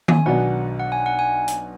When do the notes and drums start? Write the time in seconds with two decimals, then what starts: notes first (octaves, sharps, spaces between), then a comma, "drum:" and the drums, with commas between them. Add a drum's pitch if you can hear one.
0.08 G#5, drum: tom D#3
0.26 B1 B2 F#3 B3 D4 F#5
0.80 F#5
0.92 G#5
1.06 F#5
1.19 G#5
1.48 drum: hi-hat